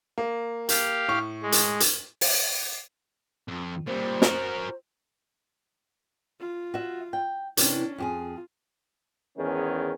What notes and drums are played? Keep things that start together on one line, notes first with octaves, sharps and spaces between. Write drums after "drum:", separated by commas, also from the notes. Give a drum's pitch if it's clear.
A#3
G4 F5, drum: hi-hat
A2 C#6
G#3
drum: hi-hat
drum: hi-hat
drum: open hi-hat
F2
A#2 G3 C5
F#4 A#4, drum: snare
F4
F#4 E5
G5
C3 E3 C#4 D4, drum: hi-hat
F2 F4 G4 G#4
E2 G#2 D#3 C#4